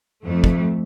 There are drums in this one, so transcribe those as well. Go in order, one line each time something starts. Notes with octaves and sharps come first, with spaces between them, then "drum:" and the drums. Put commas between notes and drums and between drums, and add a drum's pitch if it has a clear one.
F2 A3
drum: kick